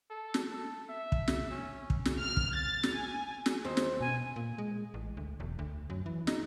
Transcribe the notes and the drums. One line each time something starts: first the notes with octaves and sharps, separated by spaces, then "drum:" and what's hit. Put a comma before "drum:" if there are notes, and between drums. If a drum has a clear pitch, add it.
A4
drum: snare
A4
E5
drum: kick
drum: snare
C#4
drum: kick
drum: snare
F6
drum: kick
A6
drum: snare
G#5
drum: snare
D#2 C5
drum: snare
B2 G#5
A#2
G#3
A1
D2
E1
D2
F#2
E3
D#4, drum: snare